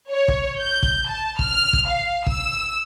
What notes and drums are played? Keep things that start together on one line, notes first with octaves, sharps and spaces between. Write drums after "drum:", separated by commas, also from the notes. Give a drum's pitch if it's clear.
C#5
drum: kick
G6
drum: kick
A5
F6, drum: kick
drum: kick
F5
E6, drum: kick